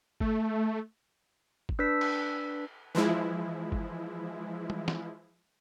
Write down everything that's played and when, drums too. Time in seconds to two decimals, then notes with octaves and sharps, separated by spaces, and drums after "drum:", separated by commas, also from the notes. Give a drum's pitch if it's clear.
0.20 A3, drum: kick
1.69 drum: kick
1.79 D4 B4 E6 B6
2.01 drum: cymbal
2.95 E3 F3 G#3 E4
3.72 drum: kick
4.70 drum: tom
4.88 drum: snare